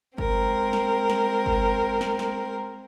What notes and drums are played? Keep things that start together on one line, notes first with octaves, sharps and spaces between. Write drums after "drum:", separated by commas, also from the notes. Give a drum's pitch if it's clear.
G#3 C4 A#4, drum: kick G1
drum: snare
drum: snare
drum: kick G1
drum: snare
drum: snare